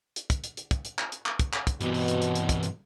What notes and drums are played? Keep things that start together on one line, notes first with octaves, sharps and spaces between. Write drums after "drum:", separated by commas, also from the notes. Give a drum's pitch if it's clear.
drum: hi-hat
drum: kick, hi-hat
drum: hi-hat
drum: hi-hat
drum: kick, hi-hat
drum: hi-hat
drum: clap
drum: hi-hat
drum: clap
drum: kick, hi-hat
drum: clap
drum: kick, hi-hat
G2 B2 E3, drum: hi-hat
drum: open hi-hat
drum: hi-hat
drum: hi-hat
drum: hi-hat
drum: kick, hi-hat
drum: hi-hat